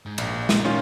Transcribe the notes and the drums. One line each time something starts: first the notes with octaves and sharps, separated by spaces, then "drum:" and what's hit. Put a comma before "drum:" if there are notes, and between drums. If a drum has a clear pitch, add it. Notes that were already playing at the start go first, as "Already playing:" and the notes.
G#2
A#1 A#2, drum: cymbal
drum: snare
D#3 C#4 F4